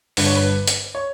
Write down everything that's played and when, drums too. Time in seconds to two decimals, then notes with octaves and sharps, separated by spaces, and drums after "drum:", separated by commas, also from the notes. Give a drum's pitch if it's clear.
0.17 G1 G2 D3 B4, drum: open hi-hat
0.26 C#5
0.36 B4
0.67 drum: hi-hat
0.95 C#5